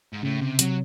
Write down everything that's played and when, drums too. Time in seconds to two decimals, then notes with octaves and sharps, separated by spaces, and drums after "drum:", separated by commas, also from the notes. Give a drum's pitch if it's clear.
0.13 G#2
0.23 A2 C#3
0.41 C3
0.59 C3 F#3, drum: hi-hat